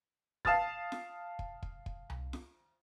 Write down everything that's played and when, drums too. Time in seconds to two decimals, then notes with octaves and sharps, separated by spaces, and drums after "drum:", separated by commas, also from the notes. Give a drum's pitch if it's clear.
0.45 F5 A5 D#6 F6 A6, drum: kick
0.92 drum: snare F4
1.39 drum: kick
1.62 drum: kick
1.86 drum: kick
2.10 drum: tom C2
2.33 drum: snare F4